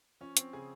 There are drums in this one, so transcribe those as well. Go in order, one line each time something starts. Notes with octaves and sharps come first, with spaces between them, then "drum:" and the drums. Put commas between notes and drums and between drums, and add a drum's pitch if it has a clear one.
F3 C#4
C4, drum: hi-hat
C#3 G#4